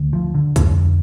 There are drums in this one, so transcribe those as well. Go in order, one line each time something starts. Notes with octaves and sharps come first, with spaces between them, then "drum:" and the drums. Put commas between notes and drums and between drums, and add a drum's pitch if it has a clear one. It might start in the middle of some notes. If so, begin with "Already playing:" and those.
Already playing: D2 D3
F3
D3
F2 D3, drum: kick, hi-hat